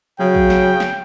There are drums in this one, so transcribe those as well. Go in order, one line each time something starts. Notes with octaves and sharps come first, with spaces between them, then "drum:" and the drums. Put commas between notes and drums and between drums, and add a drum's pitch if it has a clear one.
C#3 F#3 G5
drum: kick
drum: snare
drum: snare